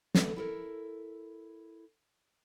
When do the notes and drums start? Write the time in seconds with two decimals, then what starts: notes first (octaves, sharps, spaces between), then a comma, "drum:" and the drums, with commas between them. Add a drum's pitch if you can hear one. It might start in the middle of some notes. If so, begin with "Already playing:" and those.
0.15 E2 D3 A3 A4 B4, drum: snare
0.36 E4 A4 A#4